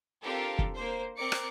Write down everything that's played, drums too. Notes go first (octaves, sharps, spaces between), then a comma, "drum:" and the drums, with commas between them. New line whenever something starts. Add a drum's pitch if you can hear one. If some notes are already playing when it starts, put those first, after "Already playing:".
C4 D4 F4 G4 A4 A#4
drum: kick
A#3 C5
C4 A#4 D5 D6 C#7
drum: rim click